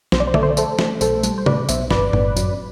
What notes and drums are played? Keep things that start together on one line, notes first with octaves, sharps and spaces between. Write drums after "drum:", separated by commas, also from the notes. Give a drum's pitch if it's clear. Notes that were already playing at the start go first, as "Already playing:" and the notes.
B1 C5, drum: snare
D5
C5
A3 D5, drum: tom D3
C5
D5
A3 A4 C5, drum: tambourine
A3, drum: snare
B1 A4 C5, drum: tambourine
G3, drum: tambourine
C5
A2 B4 D5, drum: tom C3
B1 C5 E5, drum: tambourine
G1 B4 D5, drum: snare
G1, drum: tom A2
F#2, drum: tambourine